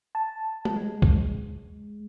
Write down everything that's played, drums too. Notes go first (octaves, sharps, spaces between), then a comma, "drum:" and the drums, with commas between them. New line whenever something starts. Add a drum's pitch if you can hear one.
A5
drum: tom G#3
G#3
drum: kick C2